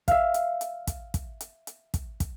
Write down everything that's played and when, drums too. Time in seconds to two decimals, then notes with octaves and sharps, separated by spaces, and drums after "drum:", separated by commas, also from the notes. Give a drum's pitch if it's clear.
0.08 E5 F5, drum: kick, hi-hat
0.34 drum: hi-hat
0.61 drum: hi-hat
0.87 drum: kick, hi-hat
1.14 drum: kick, hi-hat
1.41 drum: hi-hat
1.67 drum: hi-hat
1.94 drum: kick, hi-hat
2.20 drum: kick, hi-hat